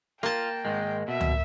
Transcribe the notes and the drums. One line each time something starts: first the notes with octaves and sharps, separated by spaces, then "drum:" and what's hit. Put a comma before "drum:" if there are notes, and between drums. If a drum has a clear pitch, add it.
A#3 F4 G5 A5
G#2 D#3 G#3
B2 E5
drum: tom C#2